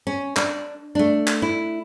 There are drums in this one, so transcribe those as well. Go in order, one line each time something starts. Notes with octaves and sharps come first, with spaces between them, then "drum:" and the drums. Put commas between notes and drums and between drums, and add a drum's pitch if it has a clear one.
C#4
D4, drum: clap
A3 D4
drum: clap
E4